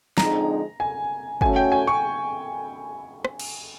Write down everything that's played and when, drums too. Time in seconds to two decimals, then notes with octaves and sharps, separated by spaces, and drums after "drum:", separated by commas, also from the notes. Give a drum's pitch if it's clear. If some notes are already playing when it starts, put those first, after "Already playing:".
0.18 D3 F3 G#3 C4 D#4 A#5, drum: snare
0.80 G#5
1.41 A3 C#4 F#4 G#5, drum: kick
1.56 G5
1.72 G#5
1.87 C#6
3.25 drum: rim click
3.39 drum: cymbal